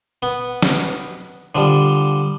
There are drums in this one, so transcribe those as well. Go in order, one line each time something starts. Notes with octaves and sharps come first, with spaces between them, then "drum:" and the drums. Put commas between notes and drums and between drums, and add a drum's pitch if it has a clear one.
B3
drum: snare
D3 F3 G3